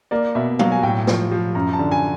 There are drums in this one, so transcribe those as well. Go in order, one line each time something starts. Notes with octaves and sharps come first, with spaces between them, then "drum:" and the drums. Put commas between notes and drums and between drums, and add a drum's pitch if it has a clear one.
A#3 D5
B2 E5
F#3 F5, drum: tom F#3
G#5
A2 G5
F3, drum: snare
F3
F#2 A#5
A5
D3
G#5